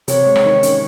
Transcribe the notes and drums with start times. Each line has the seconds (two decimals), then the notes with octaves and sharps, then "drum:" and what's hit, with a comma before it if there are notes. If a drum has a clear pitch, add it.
0.08 C3 C#5, drum: hi-hat
0.26 G#3
0.36 drum: rim click
0.45 D#3
0.63 C#4, drum: hi-hat